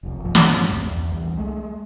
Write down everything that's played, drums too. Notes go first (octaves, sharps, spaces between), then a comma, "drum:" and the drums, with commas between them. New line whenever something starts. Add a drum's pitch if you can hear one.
F1 C2
G2 A#2 F3
drum: snare
C2 F2
E2
C2 E3
G#3 A3